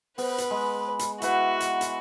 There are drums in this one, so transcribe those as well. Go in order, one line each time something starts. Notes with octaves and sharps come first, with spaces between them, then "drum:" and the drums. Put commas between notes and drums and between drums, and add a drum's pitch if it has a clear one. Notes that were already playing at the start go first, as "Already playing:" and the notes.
B3 B4 C5, drum: open hi-hat
drum: hi-hat
G#3 B5
drum: hi-hat
E4 F#4 B4 F#5, drum: hi-hat
drum: hi-hat
drum: hi-hat